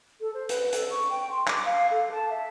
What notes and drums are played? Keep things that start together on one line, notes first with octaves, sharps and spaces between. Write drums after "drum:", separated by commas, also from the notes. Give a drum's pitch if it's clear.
A4
C5
B4, drum: hi-hat
A4, drum: hi-hat
C#6
G5
C6
D6, drum: clap
F5
A4
A5
E5